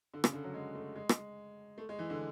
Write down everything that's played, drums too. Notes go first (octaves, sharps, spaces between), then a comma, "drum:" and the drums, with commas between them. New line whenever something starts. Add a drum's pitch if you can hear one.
D3
C#3, drum: rim click
D3
F#3
G#3
A3
G#3
drum: rim click
A3
G#3
E3
D3